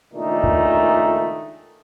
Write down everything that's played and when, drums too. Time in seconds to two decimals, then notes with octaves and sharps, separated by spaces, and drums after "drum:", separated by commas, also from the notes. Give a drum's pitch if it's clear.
0.14 C#2 A#2 D#3 A3 D4 D#4
0.44 drum: kick D2